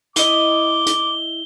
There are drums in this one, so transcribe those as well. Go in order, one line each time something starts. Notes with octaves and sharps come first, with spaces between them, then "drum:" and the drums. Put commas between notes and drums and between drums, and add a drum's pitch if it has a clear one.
E4 D#5 D6 G7, drum: hi-hat
drum: hi-hat